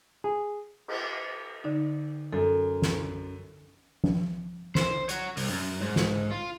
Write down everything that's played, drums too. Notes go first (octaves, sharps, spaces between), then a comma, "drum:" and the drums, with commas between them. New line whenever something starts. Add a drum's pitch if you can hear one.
G#4
drum: cymbal
D3 D#4
F#2 A4
drum: snare
drum: tom F3
C5, drum: snare
C#5 F#5, drum: hi-hat
C2, drum: open hi-hat
F#2
G#2
drum: snare
F4